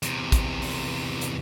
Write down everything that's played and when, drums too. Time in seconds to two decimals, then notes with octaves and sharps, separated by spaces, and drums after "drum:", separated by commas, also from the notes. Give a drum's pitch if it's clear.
0.03 E2 C3, drum: hi-hat
0.32 drum: kick, hi-hat
0.62 drum: open hi-hat
1.21 drum: hi-hat